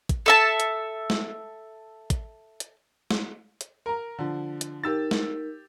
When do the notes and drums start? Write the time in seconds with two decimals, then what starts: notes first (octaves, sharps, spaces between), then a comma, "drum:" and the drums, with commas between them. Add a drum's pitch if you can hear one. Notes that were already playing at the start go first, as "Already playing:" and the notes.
0.09 drum: kick, hi-hat
0.26 A4 E5 A5
0.60 drum: hi-hat
1.10 drum: snare
2.10 drum: kick, hi-hat
2.60 drum: hi-hat
3.11 drum: snare
3.61 drum: hi-hat
3.86 A#4 A#5
4.18 D3 F3
4.61 drum: hi-hat
4.84 D#4 G4 A#4 E6 A6
5.11 drum: snare